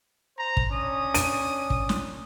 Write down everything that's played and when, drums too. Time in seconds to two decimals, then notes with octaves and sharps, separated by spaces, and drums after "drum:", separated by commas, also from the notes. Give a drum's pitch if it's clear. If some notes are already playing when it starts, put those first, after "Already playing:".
0.38 C5 A#5
0.57 drum: kick
0.72 C#4 D4 D#6
1.14 D#7, drum: hi-hat
1.70 drum: kick
1.89 drum: snare